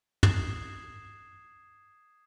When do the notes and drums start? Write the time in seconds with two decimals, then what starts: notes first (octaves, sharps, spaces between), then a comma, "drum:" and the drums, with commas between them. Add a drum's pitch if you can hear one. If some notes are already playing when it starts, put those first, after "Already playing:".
0.23 D#6 G#6 C7 E7, drum: tom